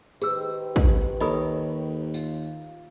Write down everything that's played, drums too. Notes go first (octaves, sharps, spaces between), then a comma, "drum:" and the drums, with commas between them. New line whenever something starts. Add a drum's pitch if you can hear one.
D#3 G4 G#4 B4 C5 E6, drum: tambourine
drum: kick
D#2 A4 A#4 C#5 D#5 B5 D#6, drum: hi-hat
F4, drum: tambourine